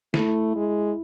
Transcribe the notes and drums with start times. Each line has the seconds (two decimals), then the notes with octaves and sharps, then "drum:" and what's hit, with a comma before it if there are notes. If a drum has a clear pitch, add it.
0.14 A3 E4, drum: snare
0.56 G#3